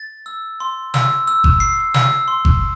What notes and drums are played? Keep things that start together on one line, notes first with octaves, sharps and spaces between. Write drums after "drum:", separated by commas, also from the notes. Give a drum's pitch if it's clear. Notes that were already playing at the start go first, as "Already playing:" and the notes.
Already playing: A6
E6
C6
E6, drum: snare
E6
drum: kick G1
C7
E6, drum: snare
C6
drum: kick G1